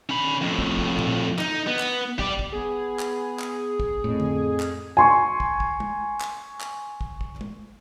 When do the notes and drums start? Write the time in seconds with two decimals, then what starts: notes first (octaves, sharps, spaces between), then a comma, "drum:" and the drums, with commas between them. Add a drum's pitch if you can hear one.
0.09 C#4 B5
0.41 F2 A2
0.59 drum: kick
0.79 drum: kick
0.99 drum: tom A#2
1.39 D#4, drum: clap
1.67 B3
1.79 drum: clap
2.19 G4 D5, drum: kick
2.39 drum: kick
2.53 B3 G#4
2.99 drum: clap
3.39 drum: clap
3.80 drum: kick
4.04 F2 A2
4.20 drum: tom D3
4.60 drum: clap
4.97 G#5 C6 C#6
5.40 drum: kick
5.60 drum: kick
5.80 drum: tom
6.20 drum: clap
6.61 drum: clap
7.01 drum: kick
7.21 drum: kick
7.41 drum: tom